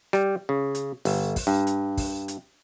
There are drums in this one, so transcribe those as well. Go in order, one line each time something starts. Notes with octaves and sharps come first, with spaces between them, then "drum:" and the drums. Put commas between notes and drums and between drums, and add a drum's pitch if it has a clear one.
G3, drum: rim click
C#3
drum: hi-hat
G1, drum: open hi-hat
drum: kick, open hi-hat
G2
drum: hi-hat
drum: kick, open hi-hat
drum: hi-hat